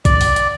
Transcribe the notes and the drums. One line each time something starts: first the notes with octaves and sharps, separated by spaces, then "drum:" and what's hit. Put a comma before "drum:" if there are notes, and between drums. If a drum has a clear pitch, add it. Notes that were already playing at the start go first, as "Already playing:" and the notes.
D5, drum: kick A#1, hi-hat
drum: open hi-hat
drum: hi-hat